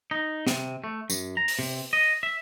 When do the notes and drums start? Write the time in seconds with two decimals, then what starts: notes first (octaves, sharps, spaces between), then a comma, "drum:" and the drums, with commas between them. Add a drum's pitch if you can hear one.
0.11 D#4
0.47 C3, drum: snare
0.84 A3
1.10 F#2, drum: tambourine
1.37 A#5
1.48 drum: open hi-hat
1.59 C3
1.93 D#5
2.23 E5